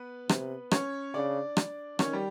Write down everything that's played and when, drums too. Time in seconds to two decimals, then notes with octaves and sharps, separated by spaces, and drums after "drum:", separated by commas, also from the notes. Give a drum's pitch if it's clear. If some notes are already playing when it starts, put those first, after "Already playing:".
Already playing: B3 B4
0.29 C3, drum: rim click
0.71 C#4 C#5, drum: rim click
1.14 C#3 D4 D5
1.57 drum: rim click
1.99 D#3 C#4 C#5, drum: rim click
2.13 G3 G4